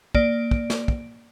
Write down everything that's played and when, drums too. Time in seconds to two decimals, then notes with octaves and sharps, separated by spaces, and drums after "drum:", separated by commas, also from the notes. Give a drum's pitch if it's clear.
0.15 A#3 D5 D7, drum: kick
0.51 drum: kick
0.70 drum: snare
0.88 drum: kick